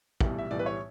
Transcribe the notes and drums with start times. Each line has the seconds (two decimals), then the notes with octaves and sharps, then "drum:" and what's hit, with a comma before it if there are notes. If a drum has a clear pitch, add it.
0.20 B1 A2 E3 G3, drum: kick
0.39 E5
0.51 B1 A2 E3 G3 D5
0.59 B4
0.66 C#5